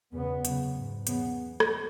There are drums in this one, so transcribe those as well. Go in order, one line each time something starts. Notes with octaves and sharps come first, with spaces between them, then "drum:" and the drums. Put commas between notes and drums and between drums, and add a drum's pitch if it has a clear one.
E2 C#3 B3
F#2 C#3, drum: hi-hat
G#2
E2 C#3 B3, drum: hi-hat
drum: rim click